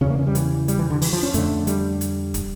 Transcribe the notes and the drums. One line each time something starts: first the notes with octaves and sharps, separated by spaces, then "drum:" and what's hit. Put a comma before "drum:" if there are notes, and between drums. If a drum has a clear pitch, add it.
E2 C#3 C#4
A#3
C#4
G3
E3, drum: hi-hat
G3, drum: hi-hat
E3
D3
E3, drum: open hi-hat
F3
C#4
F2 D3 A3, drum: hi-hat
G3, drum: hi-hat
drum: hi-hat
drum: kick, hi-hat